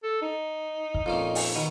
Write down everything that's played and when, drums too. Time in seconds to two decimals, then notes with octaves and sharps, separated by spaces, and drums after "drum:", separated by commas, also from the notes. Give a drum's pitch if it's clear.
0.03 A4
0.22 D#4
0.94 drum: kick
1.06 F2 A#2 C#4
1.35 drum: open hi-hat
1.55 B2 D#3